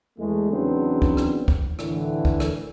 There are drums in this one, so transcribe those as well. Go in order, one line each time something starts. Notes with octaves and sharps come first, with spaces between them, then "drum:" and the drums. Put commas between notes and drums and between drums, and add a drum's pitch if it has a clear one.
E2 G#3 A3
E2 C#3 F#3 B3 C4 D4
drum: kick
drum: rim click
drum: kick
A2 D3 E3, drum: rim click
drum: kick
drum: rim click